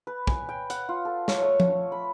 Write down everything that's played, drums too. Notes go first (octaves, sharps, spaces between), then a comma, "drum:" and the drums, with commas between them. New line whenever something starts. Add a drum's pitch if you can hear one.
B4
G#5, drum: kick
G5
F#5, drum: hi-hat
F4
A4
C#5, drum: snare
A3
drum: tom F3
B5